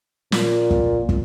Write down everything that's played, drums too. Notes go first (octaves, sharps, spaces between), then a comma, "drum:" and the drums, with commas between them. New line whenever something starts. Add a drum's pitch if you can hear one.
A#2, drum: snare
drum: kick
drum: kick